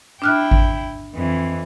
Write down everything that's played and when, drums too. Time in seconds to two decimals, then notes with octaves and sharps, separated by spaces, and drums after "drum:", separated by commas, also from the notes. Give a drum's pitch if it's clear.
0.22 D4 E4 G5 F6 F#6
0.51 drum: kick G#1
1.15 F2 E3